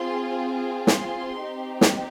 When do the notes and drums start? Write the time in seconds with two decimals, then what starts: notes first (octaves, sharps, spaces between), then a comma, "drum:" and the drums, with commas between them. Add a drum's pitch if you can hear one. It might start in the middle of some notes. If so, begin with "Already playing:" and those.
Already playing: C4 F4 G#4 C6
0.87 C6, drum: snare
1.41 C4 D#4 G4
1.81 drum: snare